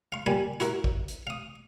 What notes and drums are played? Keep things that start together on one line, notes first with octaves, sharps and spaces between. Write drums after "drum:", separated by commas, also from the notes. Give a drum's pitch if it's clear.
F5 C6
A#2 G3 G#5 B5
E4 F#4 A#4, drum: hi-hat
drum: kick A1
drum: hi-hat
F5 D#6